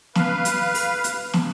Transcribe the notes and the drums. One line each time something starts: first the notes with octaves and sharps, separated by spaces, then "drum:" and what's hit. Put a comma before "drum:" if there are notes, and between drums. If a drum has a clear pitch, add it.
B4 F5, drum: snare
drum: hi-hat
drum: open hi-hat
drum: hi-hat
drum: snare